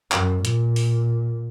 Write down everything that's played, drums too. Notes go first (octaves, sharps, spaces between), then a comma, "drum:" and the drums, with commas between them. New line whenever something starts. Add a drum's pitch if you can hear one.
F#2, drum: clap
A#2, drum: hi-hat
drum: open hi-hat